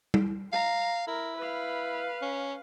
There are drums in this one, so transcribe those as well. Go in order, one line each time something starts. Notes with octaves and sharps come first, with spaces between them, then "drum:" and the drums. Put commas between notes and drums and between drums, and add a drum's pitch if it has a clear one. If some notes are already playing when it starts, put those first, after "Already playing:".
drum: tom
F5 A#5
E4 A#4
B4 F5
C#4